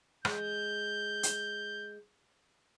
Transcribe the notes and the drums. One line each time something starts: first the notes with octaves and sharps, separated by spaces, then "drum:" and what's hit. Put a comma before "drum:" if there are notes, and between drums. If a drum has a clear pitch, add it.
G#3 G6, drum: rim click
drum: hi-hat